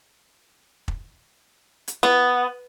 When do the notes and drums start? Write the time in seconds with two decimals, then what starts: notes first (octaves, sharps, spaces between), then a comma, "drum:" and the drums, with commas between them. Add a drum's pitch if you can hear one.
0.88 drum: kick
1.88 drum: hi-hat
2.03 B3, drum: snare E4